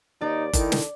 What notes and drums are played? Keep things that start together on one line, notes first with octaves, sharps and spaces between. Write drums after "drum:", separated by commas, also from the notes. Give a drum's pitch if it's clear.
D#2 D#4 D5
D#3 E4 A4, drum: kick F#1, hi-hat
drum: snare